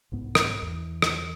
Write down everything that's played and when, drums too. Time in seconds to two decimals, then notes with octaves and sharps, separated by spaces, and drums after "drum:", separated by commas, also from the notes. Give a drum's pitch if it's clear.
0.12 C2 G#2 B3
0.35 drum: rim click
0.62 E2
1.02 drum: rim click